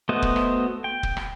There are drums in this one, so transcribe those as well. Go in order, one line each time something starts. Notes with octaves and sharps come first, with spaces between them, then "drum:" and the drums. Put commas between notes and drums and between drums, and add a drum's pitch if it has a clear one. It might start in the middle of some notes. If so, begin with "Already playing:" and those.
A3 B3 F#4 C5 D#5
drum: kick
drum: rim click
G5
drum: kick
drum: rim click